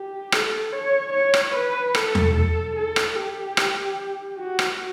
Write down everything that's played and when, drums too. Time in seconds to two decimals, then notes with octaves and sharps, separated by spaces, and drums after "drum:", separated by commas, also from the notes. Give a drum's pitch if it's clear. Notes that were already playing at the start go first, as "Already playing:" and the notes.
Already playing: G4
0.32 A4, drum: rim click
0.73 C#5
1.13 C#5
1.34 drum: rim click
1.54 B4
1.95 A4, drum: rim click
2.15 drum: tom E2
2.35 A4
2.76 A4
2.96 drum: rim click
3.16 G4
3.57 drum: rim click
4.38 F#4
4.59 drum: rim click